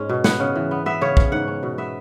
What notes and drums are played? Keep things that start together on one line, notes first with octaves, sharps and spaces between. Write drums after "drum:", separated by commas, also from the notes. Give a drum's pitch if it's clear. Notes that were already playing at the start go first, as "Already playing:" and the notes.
Already playing: G#2 G#3 C#4
B2
B3 F#5, drum: snare
C#3
E3
B3
B3 E5
C#3 C#5
C#4, drum: kick
G#2 F#5
C#4
B2
B3 E5